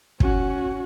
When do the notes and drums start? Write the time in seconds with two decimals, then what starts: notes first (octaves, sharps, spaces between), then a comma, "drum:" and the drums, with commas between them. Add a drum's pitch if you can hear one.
0.20 C#4 F#4, drum: kick